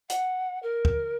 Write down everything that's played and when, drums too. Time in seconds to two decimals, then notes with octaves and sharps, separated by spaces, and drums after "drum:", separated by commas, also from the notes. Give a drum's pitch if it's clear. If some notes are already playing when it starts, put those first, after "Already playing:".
0.10 F#5, drum: hi-hat
0.63 A#4
0.85 drum: kick